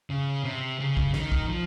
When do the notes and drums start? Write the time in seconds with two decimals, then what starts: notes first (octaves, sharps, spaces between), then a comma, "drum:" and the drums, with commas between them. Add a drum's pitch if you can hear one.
0.10 C#3
0.44 C3
0.80 C#3
0.97 drum: kick
1.14 D#3, drum: snare
1.32 drum: kick
1.49 F3